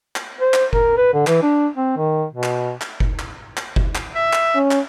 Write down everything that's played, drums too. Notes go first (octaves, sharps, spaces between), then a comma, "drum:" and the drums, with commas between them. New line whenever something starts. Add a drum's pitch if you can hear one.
drum: clap
C5
drum: clap
A#4, drum: kick F#1
B4
D3
E3, drum: clap
D4
C4
D#3
B2
drum: clap
drum: clap
drum: kick F#1
drum: clap
drum: clap
drum: kick F#1
drum: clap
E5
drum: clap
C#4
drum: clap